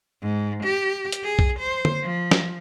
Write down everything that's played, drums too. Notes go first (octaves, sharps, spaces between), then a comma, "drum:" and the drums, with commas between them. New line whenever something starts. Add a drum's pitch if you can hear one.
G#2
G4
drum: hi-hat
G#4
drum: kick
C5
drum: tom
F3
drum: snare